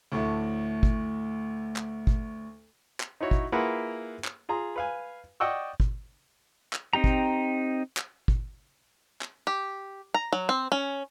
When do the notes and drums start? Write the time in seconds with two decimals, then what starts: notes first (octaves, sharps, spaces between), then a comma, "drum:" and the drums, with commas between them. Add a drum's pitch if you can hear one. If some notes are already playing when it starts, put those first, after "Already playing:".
0.12 D2 A2 A3
0.83 drum: kick
1.76 drum: clap
2.07 drum: kick
3.00 drum: clap
3.21 D#4 E4 F#4 C#5
3.31 drum: kick
3.52 A#3 E4 F4 G#4 B4 F#5
4.24 drum: clap
4.49 F4 G#4 A#5
4.76 B4 F5 G#5
5.40 D5 D#5 F#5 G5 C#6 E6
5.80 drum: kick
6.73 drum: clap
6.93 C4 D#4 G4 A#5
7.04 drum: kick
7.97 drum: clap
8.28 drum: kick
9.21 drum: clap
9.47 G4
10.14 A#5
10.33 F#3
10.49 C4
10.72 C#4